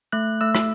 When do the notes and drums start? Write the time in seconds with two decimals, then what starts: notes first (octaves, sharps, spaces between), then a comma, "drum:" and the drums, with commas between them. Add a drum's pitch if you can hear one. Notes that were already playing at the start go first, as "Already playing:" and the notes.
0.12 A3 F#6
0.41 A3 E6
0.55 drum: rim click